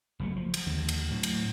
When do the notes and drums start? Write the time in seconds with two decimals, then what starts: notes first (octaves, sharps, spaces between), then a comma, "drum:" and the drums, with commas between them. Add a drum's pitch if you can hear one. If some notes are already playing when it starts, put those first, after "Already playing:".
0.20 F#1 F#3 A3
0.36 F3
0.54 drum: cymbal
0.66 D#2 D3
0.89 drum: cymbal
1.11 A2 F#3
1.23 drum: cymbal